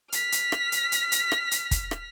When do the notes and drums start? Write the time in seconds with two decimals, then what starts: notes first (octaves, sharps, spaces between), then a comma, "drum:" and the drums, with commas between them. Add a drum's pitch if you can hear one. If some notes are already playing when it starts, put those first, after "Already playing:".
0.12 F6 B6, drum: hi-hat
0.32 drum: hi-hat
0.52 drum: rim click
0.72 drum: hi-hat
0.92 drum: hi-hat
1.12 drum: hi-hat
1.32 drum: rim click
1.51 drum: hi-hat
1.71 drum: kick, hi-hat
1.91 drum: rim click